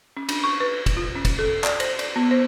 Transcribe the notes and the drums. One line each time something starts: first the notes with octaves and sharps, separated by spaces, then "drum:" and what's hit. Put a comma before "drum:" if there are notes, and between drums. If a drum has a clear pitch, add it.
C#4
D4, drum: cymbal
C#6
B4
drum: kick, cymbal
F4
C#4
drum: kick, cymbal
A4
D5, drum: clap
C5, drum: cymbal
D5, drum: cymbal
B3
C5